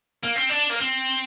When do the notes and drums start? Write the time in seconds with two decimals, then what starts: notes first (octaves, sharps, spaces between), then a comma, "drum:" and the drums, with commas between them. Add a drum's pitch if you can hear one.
0.23 A#3, drum: hi-hat
0.36 C4
0.49 D4
0.70 A#3, drum: open hi-hat
0.80 C4